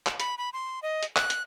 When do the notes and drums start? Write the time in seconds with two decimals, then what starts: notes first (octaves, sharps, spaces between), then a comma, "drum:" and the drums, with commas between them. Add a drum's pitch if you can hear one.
0.06 drum: clap
0.20 B5, drum: hi-hat
0.38 B5
0.53 C6
0.83 D#5
1.03 drum: hi-hat
1.16 F#6, drum: clap
1.30 drum: hi-hat